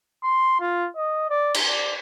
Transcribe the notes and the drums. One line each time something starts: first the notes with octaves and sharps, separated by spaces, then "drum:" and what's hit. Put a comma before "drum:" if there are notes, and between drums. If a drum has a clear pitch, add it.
C6
F4
D#5
D5
drum: cymbal
D5